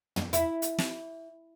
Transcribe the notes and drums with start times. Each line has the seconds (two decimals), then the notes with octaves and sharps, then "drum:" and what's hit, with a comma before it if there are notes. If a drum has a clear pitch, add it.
0.16 drum: tom
0.33 E4, drum: hi-hat
0.62 drum: hi-hat
0.78 drum: snare